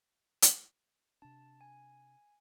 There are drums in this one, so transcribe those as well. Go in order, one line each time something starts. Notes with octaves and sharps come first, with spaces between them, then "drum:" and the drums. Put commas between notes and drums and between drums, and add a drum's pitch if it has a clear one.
drum: hi-hat
C3 D4 A5
G#5